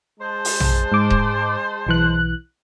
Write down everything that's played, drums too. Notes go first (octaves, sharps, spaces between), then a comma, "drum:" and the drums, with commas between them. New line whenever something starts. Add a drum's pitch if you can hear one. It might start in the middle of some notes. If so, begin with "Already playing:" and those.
G#3 C5 A5
drum: open hi-hat
drum: tom A#1
G#2 D6
drum: kick D#1
B1 E3 F#6